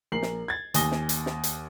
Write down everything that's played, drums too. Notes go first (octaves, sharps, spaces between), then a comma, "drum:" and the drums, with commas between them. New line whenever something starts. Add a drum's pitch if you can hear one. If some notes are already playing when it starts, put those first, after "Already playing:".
A#1 A#4 C7 F#7
drum: snare
G#6 A6
D#2 G#5 D#6 A#6 G7, drum: hi-hat
drum: snare
drum: hi-hat
drum: snare
drum: hi-hat